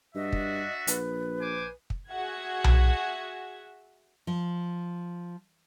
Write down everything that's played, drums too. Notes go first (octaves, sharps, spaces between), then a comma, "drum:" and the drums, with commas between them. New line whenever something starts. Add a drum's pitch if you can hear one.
G2 D4 F#4 D#5 E5
drum: kick
A#1 B4, drum: hi-hat
C5 G#5 D6
drum: kick
F#4 G#4 E5 F#5 G#6
drum: tom B1
F3